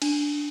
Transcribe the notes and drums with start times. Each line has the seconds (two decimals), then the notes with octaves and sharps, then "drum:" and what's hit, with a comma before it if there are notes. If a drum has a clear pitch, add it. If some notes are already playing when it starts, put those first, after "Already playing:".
0.02 D4, drum: cymbal